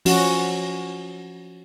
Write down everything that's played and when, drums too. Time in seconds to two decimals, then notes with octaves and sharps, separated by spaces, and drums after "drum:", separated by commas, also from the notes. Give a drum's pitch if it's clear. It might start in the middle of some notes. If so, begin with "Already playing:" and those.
0.05 F3 C#4 F#4, drum: open hi-hat